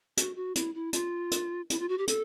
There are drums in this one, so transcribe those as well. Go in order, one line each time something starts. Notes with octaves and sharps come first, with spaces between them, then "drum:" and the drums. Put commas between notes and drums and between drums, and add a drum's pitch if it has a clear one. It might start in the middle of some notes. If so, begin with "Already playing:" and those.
F#4, drum: hi-hat
F#4
E4, drum: hi-hat
E4
F4, drum: hi-hat
drum: hi-hat
E4, drum: hi-hat
F4
F#4
G4
A4, drum: hi-hat